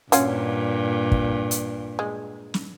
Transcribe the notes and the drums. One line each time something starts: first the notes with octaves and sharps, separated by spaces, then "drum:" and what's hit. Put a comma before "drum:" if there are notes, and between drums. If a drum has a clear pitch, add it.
G2 A#2 C#4 F4 F#4, drum: hi-hat
drum: kick
drum: hi-hat
G#3
drum: snare